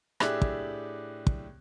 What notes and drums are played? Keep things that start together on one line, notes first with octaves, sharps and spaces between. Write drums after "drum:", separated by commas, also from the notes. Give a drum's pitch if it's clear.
A2 D4 G4 G#4 E5 F#6, drum: rim click
drum: kick
drum: kick